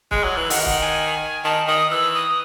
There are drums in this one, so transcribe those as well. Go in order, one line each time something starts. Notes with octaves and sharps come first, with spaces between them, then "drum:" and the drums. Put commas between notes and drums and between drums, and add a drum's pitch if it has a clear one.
G#3, drum: kick C#1
F#3
E3
D#3 F#5, drum: open hi-hat
E5
F#5, drum: kick C#1
G#5
D#3 A5
D#3 D#6
E3 E6
D#6